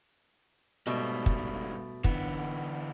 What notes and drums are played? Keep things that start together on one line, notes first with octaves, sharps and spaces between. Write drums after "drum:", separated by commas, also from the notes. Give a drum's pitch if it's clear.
G#2 B2 G3 A3
drum: kick
D3 E3 B3, drum: kick